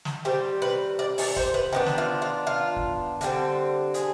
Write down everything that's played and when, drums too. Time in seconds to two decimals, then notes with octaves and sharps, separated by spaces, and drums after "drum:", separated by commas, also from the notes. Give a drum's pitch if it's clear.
0.05 drum: snare
0.25 D#3 G3 C4 G4
0.62 B4
0.99 D5
1.18 D5, drum: open hi-hat
1.36 C5, drum: kick
1.54 B4
1.73 D#3 B3 D4 G4
1.86 drum: snare
1.98 F4
2.22 F4
2.47 F4
2.76 drum: kick
3.21 D3 G3 C4, drum: hi-hat
3.94 G#4, drum: hi-hat